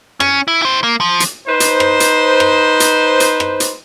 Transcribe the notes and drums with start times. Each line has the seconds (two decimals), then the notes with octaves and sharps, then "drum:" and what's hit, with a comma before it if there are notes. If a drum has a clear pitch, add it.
0.20 C#4, drum: rim click
0.48 E4
0.62 E4 C5
0.84 A#3
1.00 F3
1.20 drum: hi-hat
1.47 D#4 B4 C5
1.60 drum: hi-hat
1.80 drum: rim click
2.00 drum: hi-hat
2.40 drum: rim click
2.80 drum: hi-hat
3.20 drum: hi-hat
3.40 drum: rim click
3.60 drum: hi-hat